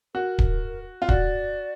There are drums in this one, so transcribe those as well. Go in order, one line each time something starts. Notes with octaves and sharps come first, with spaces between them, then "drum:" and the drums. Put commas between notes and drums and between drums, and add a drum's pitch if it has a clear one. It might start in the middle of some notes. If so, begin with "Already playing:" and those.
F#4 A#4
drum: kick D1
F4
F#4 D5, drum: kick D1